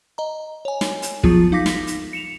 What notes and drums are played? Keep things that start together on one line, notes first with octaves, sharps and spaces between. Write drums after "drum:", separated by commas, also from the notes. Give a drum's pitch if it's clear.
D#5 A#5
C#5 G#5
drum: snare
drum: hi-hat
F3 F#3 B3 F4 G#4, drum: kick
D#4 F5 D6 A#6 B6
drum: snare
drum: hi-hat
C#7 E7 F7